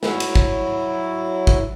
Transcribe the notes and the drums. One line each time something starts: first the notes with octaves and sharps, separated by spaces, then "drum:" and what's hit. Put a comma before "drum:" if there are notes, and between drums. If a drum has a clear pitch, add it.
F#3 E4, drum: snare
drum: cymbal
drum: kick
drum: kick